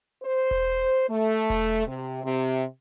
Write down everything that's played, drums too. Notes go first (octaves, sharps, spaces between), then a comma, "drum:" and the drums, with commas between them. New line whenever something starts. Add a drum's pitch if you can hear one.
C5
drum: kick E1
A3
drum: kick E1
C3
C3